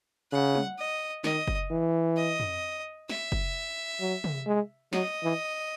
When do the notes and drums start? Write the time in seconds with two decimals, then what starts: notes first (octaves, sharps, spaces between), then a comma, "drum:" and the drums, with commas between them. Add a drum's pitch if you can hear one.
0.32 C#3 F#5
0.55 drum: tom
0.79 D#5
1.24 D#3 D#5, drum: snare
1.47 drum: kick F#1
1.70 E3
2.17 D#5
2.40 drum: tom F2
3.09 E5, drum: snare
3.32 drum: kick F#1
4.00 F#3
4.24 drum: tom
4.47 G#3
4.93 F#3 D#5, drum: snare
5.23 E3